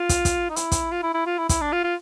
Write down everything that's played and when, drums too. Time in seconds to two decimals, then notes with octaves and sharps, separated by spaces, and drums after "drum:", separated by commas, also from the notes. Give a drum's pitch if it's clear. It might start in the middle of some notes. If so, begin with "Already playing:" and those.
Already playing: F4
0.09 drum: kick, hi-hat
0.25 drum: kick, hi-hat
0.50 D#4
0.56 E4, drum: hi-hat
0.72 drum: kick, hi-hat
0.92 F4
1.03 E4
1.14 E4
1.26 F4
1.38 E4
1.49 E4, drum: kick, hi-hat
1.61 D4
1.73 F4
1.84 F4